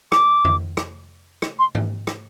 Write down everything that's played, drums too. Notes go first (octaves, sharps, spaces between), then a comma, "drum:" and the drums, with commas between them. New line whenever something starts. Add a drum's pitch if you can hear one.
D6, drum: rim click
drum: tom F2
drum: rim click
drum: rim click
C6
drum: tom G#2
drum: rim click